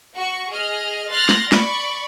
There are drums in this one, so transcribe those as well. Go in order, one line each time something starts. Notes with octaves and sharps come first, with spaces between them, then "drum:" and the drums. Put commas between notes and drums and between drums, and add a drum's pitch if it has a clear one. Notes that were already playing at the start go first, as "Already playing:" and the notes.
F#4 C#6
G#4 D#5 F6
C6 F6 F#6 A6 A#6
drum: snare
D5 B5 C#6, drum: snare